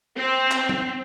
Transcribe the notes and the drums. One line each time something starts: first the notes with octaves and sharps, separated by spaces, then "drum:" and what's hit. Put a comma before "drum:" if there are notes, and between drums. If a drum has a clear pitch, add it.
C4
drum: clap
drum: tom F#3